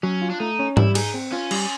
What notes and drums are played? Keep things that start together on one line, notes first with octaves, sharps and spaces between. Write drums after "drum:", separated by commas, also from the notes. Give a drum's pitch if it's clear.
F#3 C#4
F4
D4
A3 D#4
C#4
G3 E4, drum: tom G#2
D#4 G#4, drum: cymbal
C4
C#4 F4
G3, drum: cymbal